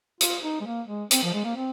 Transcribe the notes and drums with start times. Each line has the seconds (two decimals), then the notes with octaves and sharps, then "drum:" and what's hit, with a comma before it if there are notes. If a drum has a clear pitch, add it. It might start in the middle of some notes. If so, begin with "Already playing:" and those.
0.21 F4, drum: hi-hat
0.43 D#4
0.61 G#3
0.66 A#3
0.88 G#3
1.11 C4, drum: hi-hat
1.23 F3
1.34 G#3
1.45 A#3
1.56 C4